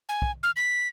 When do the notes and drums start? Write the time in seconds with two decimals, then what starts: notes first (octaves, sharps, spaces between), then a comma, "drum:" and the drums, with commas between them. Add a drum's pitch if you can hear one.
0.09 G#5
0.22 drum: kick
0.43 F6
0.56 B6